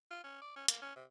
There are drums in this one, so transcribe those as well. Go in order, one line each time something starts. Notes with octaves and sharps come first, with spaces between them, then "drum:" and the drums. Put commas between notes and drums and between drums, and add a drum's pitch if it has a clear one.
F4
C#4
D5
C#4
A#3, drum: hi-hat
C#4
C3